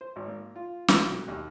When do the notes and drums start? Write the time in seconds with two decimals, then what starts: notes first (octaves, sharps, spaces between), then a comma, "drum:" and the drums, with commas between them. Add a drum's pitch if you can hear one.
0.01 C5
0.16 G#1
0.28 A#3
0.55 F4
0.88 F#4, drum: snare
1.07 B1
1.28 D#2